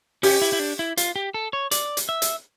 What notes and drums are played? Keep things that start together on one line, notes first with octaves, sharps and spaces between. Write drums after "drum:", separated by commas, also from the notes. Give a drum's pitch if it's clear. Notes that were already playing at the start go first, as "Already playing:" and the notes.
C#4 G4, drum: open hi-hat
E4
E4
D4
E4
F4, drum: hi-hat
G4
A4
C#5
D5, drum: hi-hat
drum: hi-hat
E5
drum: hi-hat